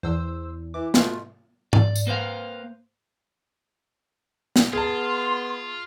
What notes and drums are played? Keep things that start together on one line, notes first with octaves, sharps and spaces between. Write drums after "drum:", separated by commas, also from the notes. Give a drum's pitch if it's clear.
E2 C5 E6
E3 D6
B2 A3 F4, drum: snare
D5, drum: tom G#2
drum: tambourine
A#3 B4 C5 F5
drum: snare
B3 F4 G#4 A5 C6